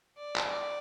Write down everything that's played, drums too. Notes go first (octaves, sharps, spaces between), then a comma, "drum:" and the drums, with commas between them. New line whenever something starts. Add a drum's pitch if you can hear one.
D5
drum: clap